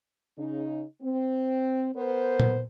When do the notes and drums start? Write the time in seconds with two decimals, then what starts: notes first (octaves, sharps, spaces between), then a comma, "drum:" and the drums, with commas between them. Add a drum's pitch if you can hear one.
0.37 C#3 D#4
1.01 C4
1.95 B3 A#4 C5
2.40 drum: tom A#2